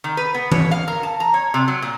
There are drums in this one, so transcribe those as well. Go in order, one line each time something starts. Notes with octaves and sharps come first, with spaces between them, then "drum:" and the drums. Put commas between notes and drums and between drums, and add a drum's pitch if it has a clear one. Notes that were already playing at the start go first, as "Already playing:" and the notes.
D#3
B4
B3
C#5, drum: tom E3
F5
A#4
A5
A#5
C#5
C3
F#3
A#2